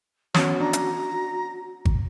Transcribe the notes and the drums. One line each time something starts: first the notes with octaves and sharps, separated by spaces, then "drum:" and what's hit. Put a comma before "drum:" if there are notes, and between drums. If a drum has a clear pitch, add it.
B3 C#4 F#4 C#5, drum: snare
D4 A#5
drum: hi-hat
drum: kick G#1